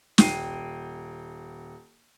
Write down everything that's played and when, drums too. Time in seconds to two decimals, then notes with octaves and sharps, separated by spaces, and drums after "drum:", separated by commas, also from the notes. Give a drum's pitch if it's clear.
0.18 D#1 G5 C7 D#7, drum: snare